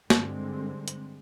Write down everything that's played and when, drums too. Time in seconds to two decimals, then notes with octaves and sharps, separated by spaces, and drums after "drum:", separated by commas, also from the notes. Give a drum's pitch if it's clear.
0.10 G2 D3 G#3 C4, drum: snare
0.88 drum: hi-hat